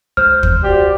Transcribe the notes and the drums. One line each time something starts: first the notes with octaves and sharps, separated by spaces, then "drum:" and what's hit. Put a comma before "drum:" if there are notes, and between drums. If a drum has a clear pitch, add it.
C#2 C5 F6
drum: kick
F#4 G4 D5